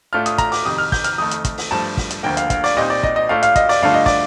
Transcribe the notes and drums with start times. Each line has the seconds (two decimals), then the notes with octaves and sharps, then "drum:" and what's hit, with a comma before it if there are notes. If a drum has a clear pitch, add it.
0.13 A2 A3 D4 F4 F6
0.26 D#6, drum: hi-hat
0.38 A#5, drum: kick, hi-hat
0.52 D6, drum: open hi-hat
0.65 F2 C3 D#3 D#6
0.78 F6
0.92 G6, drum: kick, open hi-hat
1.04 F6, drum: hi-hat
1.18 F2 D#3 A3 D#6
1.31 drum: hi-hat
1.45 drum: kick, hi-hat
1.58 drum: open hi-hat
1.71 G2 F3 A3 A5
1.97 drum: kick, open hi-hat
2.11 drum: hi-hat
2.23 D2 D3 F3 A#3 G5
2.37 F5, drum: hi-hat
2.50 F5, drum: kick, hi-hat
2.64 D5, drum: open hi-hat
2.77 A#2 G3 C4 D#4 D#5
2.90 D5
3.03 D#5, drum: kick
3.16 D#5
3.29 A2 A3 D4 F4 F5
3.43 F5, drum: hi-hat
3.56 D#5, drum: kick, hi-hat
3.69 D5, drum: open hi-hat
3.82 G2 D3 A3 D4 F4 F5
3.94 D#5
4.06 D5, drum: kick, open hi-hat